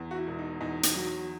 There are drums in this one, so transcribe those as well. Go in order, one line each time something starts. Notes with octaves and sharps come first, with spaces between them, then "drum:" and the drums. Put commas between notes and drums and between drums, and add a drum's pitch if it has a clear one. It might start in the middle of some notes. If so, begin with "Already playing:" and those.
Already playing: E2
F#4
E4
E1
D#4
E2 D#4
drum: hi-hat
F#3